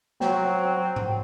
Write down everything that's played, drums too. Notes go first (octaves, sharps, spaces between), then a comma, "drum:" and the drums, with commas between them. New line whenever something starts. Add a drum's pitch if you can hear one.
F#3 C4, drum: snare
drum: tom G#2